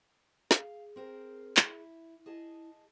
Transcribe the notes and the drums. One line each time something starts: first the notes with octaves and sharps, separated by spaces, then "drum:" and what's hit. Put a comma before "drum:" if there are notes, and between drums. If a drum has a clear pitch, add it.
G#4 F5, drum: snare
C4 A#4 C5
E4, drum: clap
E4 G#4 D#5 A5